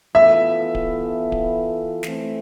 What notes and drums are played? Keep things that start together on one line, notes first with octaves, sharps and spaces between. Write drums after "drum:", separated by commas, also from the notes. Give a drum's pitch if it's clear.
E3 B3 F4 A4 E5
drum: kick D1
drum: kick D1
E3 A3 C4, drum: snare